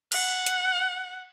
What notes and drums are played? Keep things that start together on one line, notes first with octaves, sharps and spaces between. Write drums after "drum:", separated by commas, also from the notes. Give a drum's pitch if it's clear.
F#5, drum: cymbal
drum: hi-hat